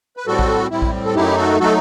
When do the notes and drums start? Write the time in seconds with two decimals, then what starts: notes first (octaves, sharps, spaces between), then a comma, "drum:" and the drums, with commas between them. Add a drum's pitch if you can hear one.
0.17 B4
0.27 A2 G3 C4 F#4 A4
0.39 drum: kick A#1
0.71 A2 G3 C4 E4
0.82 drum: kick A#1
1.05 A4
1.15 F#2 F#3 A3 D#4 E4 G4
1.38 F#4 A4
1.60 F#3 A3 D#4 F#4 A4